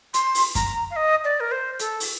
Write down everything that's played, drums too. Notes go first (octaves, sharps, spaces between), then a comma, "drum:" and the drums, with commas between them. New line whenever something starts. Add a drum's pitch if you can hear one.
C6, drum: hi-hat
drum: open hi-hat
A#5, drum: kick F#2, hi-hat
F5
D#5
D5
A#4
C5
A4, drum: hi-hat
drum: open hi-hat